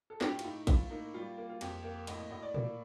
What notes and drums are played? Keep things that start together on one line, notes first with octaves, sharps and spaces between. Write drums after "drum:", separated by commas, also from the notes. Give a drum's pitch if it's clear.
A4
A2 G4, drum: snare
F4, drum: cymbal
A2 D#4
A2 F4, drum: kick A1, cymbal
A#3 D#4
G3 F4
A#3
F4
F2 G4, drum: cymbal
A#3
A2 D#5, drum: cymbal
D#5
A2 D#5
D5
A#3 D5, drum: tom A2